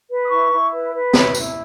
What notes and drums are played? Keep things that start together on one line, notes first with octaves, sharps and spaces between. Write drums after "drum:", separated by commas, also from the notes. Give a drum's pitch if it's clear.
B4
D#6
E4 C#6
E4
B4
B4
E4, drum: snare
E4, drum: tambourine